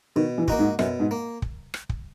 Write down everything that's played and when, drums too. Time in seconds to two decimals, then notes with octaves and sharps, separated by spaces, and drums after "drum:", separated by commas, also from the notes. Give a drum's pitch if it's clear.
0.16 B2 D#3
0.38 E3
0.48 A#3 D#4 F#4, drum: kick
0.59 G#2
0.79 F#2 B2, drum: rim click
1.00 G#2
1.11 A#3
1.42 drum: kick
1.74 drum: rim click
1.89 drum: kick